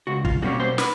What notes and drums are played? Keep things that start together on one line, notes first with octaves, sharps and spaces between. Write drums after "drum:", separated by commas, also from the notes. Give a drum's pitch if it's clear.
C#2 F#4
F4, drum: kick
B2 G3 A#3 C#4 F#4
C5
B4, drum: snare